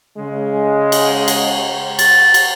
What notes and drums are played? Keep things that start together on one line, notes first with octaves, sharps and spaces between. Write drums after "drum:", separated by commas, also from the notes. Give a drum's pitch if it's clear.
C#3 G#3
drum: cymbal
drum: cymbal
A6, drum: cymbal
drum: cymbal